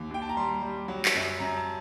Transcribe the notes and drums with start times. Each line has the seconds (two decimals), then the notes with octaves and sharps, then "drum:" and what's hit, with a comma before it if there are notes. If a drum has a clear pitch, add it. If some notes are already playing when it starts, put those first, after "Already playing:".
Already playing: D#2
0.11 D#2 G5
0.22 A5
0.29 A#5
0.37 G3 C6
0.62 G3
0.88 F#3
1.05 drum: clap
1.15 F#2
1.40 F#2 A#5
1.57 A5